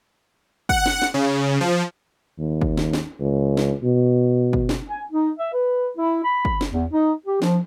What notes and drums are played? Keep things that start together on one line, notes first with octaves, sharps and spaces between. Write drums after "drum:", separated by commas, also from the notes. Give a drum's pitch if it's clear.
F#5, drum: kick
drum: snare
drum: snare
C#3
F3
D#2
drum: kick
drum: snare
drum: snare
C#2
drum: snare
B2
drum: kick
drum: snare
G#5
D#4
E5
B4
E4
B5
drum: kick
drum: snare
E2
D#4
G4
F3, drum: snare